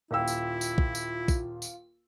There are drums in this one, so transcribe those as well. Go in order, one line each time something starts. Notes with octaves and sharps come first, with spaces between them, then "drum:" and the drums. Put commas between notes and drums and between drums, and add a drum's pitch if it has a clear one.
D#1 E4 F4 A#4 F5 G5 E6
drum: tambourine
drum: tambourine
drum: kick
drum: tambourine
drum: kick, tambourine
drum: tambourine